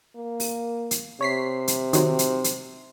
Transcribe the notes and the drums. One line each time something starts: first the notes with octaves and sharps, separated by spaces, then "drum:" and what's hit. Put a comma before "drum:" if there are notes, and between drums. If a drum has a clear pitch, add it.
A#3
drum: open hi-hat
drum: hi-hat
C3 C#5 B6 C7
drum: hi-hat
D#3 F#3 C4, drum: hi-hat
drum: hi-hat
drum: hi-hat